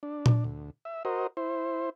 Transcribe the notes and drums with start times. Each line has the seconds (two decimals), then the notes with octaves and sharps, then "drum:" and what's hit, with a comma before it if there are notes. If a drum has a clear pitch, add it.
0.03 D4
0.26 drum: tom A#2
0.44 D2
0.85 E5
1.05 F#4 A#4 C5 D#5
1.37 E4 C5